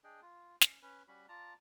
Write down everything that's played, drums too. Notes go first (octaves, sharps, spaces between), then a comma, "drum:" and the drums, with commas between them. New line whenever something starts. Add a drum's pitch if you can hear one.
D4 G#4 D#5 G5
F4
C#4, drum: snare
C#4 B4
G3 C#4 F#4 B5
F4 D5 A5 A#5